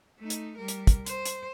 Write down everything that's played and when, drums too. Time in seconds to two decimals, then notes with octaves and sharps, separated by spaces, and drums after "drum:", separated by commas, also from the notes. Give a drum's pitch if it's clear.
0.19 A3 D#4
0.30 drum: hi-hat
0.57 G3 A#4
0.68 drum: hi-hat
0.87 drum: kick, hi-hat
1.06 C5, drum: hi-hat
1.26 drum: hi-hat